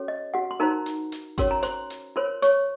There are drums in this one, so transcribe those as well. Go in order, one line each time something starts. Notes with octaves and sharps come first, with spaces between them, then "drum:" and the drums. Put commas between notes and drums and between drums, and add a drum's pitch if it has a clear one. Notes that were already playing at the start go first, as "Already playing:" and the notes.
Already playing: C#4 F#4 A4 C#5
D#5
F#4 F#5
C6
D#4 F#4 A#4 C5 A#5
drum: hi-hat
drum: hi-hat
C#4 F#4 A#4 C#5 C6, drum: kick G#1, hi-hat
A#5
C5 C6, drum: hi-hat
drum: hi-hat
F4 A#4 C5 C#5 C6
C#5 C#6, drum: hi-hat